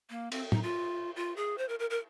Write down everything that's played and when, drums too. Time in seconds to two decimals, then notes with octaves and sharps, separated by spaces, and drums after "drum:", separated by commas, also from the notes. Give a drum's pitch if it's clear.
0.10 A#3
0.32 C4, drum: cymbal
0.52 D#4, drum: tom
0.63 F4
1.16 F4
1.36 G#4
1.58 C5
1.69 A#4
1.79 A#4
1.90 A#4